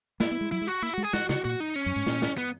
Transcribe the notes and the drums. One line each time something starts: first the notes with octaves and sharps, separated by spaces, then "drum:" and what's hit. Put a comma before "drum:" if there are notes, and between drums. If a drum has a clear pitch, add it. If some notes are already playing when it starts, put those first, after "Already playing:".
A#3 E4, drum: snare
B3
G#3
F#3 E4
G#3
F#4
A#3 E4
G#3 F#4
G#4
G#3 F#4, drum: snare
C#3 F#4, drum: snare
A#2 F#4
D#4
C#4
F#2
G#2
A#2, drum: snare
drum: snare
B3